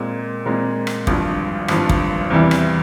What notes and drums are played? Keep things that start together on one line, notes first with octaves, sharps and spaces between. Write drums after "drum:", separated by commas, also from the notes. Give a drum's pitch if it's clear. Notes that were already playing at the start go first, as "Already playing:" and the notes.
Already playing: A#2 G#3 C4
A#2 G#3 C4
drum: rim click
G#1 G2 F3, drum: kick
G#1 G2 F3, drum: rim click
drum: kick
E2 C3 E3 G3
drum: rim click